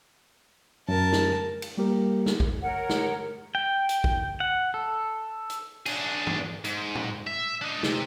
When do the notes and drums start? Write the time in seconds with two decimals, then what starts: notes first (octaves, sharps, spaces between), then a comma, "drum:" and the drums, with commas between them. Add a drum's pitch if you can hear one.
0.89 F#2 A#4 A5
1.12 drum: snare
1.62 drum: cymbal
1.77 G3 A#3 G4 A#4
2.26 drum: snare
2.40 drum: kick A#1
2.63 A#4 C#5 F#5
2.89 drum: snare
3.55 G5
3.89 drum: hi-hat
4.04 drum: kick A#1
4.40 F#5
4.74 A4
5.50 drum: hi-hat
5.86 D4 G#4, drum: cymbal
6.27 drum: tom G2
6.64 G#2, drum: hi-hat
6.95 drum: tom
7.27 E5
7.61 D4 D#4
7.83 C3, drum: snare